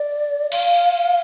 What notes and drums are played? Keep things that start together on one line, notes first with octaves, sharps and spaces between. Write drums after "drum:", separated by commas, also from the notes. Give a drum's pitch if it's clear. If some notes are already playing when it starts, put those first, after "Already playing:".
Already playing: D5
F5, drum: cymbal